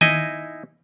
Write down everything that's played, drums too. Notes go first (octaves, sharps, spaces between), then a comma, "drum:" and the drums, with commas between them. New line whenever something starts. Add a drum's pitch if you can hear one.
D#4 E4 D#5 G#5, drum: tom D#3